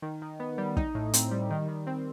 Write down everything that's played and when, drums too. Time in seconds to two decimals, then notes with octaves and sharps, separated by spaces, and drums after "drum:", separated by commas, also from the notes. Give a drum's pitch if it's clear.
0.02 D#3
0.22 D#3
0.40 B3
0.58 G3
0.77 D#4, drum: kick
0.95 A2
1.14 C4, drum: hi-hat
1.31 G3
1.50 D#3
1.69 D#3
1.87 C4